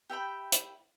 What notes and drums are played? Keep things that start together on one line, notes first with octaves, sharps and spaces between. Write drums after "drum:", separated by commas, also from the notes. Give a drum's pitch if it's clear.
G4 E5 G5 B5
drum: hi-hat